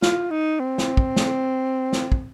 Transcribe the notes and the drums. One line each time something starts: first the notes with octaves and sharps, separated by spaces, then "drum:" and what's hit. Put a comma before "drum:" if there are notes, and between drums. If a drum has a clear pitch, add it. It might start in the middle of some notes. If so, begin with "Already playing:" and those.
F4, drum: snare
D#4
C4
drum: snare
drum: kick
drum: snare
drum: snare
drum: kick